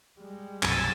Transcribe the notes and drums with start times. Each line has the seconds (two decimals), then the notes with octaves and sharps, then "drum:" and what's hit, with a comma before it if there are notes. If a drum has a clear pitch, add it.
0.20 G3 G#3
0.63 B1 F#2 C3 F#3 G#5 E6 A6, drum: clap